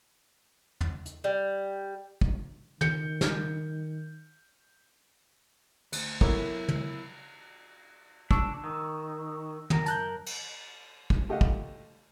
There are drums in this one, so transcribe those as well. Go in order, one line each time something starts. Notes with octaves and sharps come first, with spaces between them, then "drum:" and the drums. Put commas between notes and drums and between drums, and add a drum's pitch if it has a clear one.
drum: tom
drum: hi-hat
G3
drum: kick
D#3 G6 C#7, drum: tom
drum: snare
D2, drum: cymbal
F#3 B3 E4 A4 A#4 C#5, drum: kick
drum: tom
D4 C#6 E6, drum: kick
D#3
F#2 A#4, drum: tom
A5 F#6 G6, drum: hi-hat
drum: cymbal
drum: kick
A3 G4 D#5 F5 F#5
drum: kick